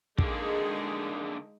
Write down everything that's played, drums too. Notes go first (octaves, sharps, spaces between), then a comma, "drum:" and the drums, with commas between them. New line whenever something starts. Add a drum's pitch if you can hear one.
D3 G#3 A#3 D#4 G#4, drum: kick